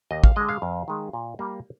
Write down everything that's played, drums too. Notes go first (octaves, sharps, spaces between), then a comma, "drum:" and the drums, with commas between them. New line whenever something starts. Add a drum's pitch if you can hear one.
D#2 D#5
F5, drum: kick
D3 G#3 D#5
F5
F2
D#3 G#3
A#2
G3 A#3